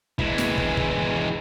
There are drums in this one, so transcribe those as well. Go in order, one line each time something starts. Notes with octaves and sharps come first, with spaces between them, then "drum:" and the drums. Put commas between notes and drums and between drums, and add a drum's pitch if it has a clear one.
E3 G#3, drum: kick
drum: snare
drum: kick
drum: kick